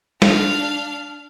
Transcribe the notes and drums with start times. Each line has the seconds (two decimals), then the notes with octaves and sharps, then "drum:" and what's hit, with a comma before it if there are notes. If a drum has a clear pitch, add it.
0.22 D4 F5, drum: snare